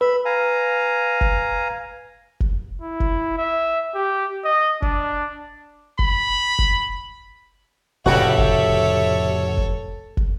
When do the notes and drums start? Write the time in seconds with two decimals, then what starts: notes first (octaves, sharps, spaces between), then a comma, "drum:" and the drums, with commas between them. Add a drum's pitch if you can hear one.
0.01 B4 B5 E6
0.25 F5 G#5 A#5
1.21 drum: kick
2.40 drum: kick
2.82 E4
3.00 drum: kick
3.38 E5
3.95 G4
4.44 D#5
4.82 D4, drum: kick
5.99 B5, drum: kick
6.59 drum: kick
8.06 F1 A2 C#3 G3 F#4 A4 C#5 E5
8.38 drum: kick
9.57 drum: kick
10.17 drum: kick